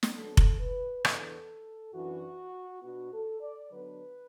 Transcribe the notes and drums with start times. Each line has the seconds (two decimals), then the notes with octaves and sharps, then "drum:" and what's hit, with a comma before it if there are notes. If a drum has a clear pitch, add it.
0.03 drum: snare
0.16 D3 F#3 B3 D4 A4
0.37 drum: kick F1
0.60 B4
1.05 E2 E3 B3 D4 A4, drum: rim click
1.93 F#2 E3 D4 F#4
2.82 B2 B3 D4 F#4
3.12 A4
3.41 D5
3.71 D3 F#3 B3 D4 B4